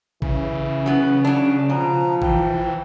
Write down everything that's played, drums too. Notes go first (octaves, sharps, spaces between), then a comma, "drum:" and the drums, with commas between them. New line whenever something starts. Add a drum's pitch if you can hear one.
C#3 E3, drum: kick G#1
F#3 B3 C#4
F#3 D4
B2 F3 A#5
E3 G5, drum: kick G#1